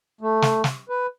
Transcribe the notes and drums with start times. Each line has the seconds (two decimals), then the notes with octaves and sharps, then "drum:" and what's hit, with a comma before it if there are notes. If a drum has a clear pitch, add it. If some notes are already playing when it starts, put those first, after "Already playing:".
0.21 A3
0.42 drum: snare
0.64 drum: snare
0.89 B4